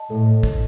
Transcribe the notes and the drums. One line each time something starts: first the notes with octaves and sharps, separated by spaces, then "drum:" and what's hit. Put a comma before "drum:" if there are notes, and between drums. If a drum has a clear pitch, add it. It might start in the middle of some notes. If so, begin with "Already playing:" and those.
Already playing: D#5 A5
A2 A4
drum: kick